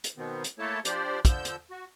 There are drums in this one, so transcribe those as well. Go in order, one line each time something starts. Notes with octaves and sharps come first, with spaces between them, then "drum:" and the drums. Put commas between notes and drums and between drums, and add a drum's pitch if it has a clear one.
drum: hi-hat
B2 D#3 B3 C4
drum: hi-hat
A3 A#3 E4 A4 C#5 A5
F3 D4 G4 C5 D5, drum: hi-hat
D3 F3 E6 G6, drum: kick, hi-hat
drum: hi-hat
F#4